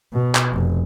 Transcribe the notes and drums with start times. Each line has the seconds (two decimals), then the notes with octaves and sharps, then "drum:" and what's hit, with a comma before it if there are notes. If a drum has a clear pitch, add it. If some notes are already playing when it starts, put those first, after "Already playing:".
0.13 B2
0.35 drum: clap
0.53 F1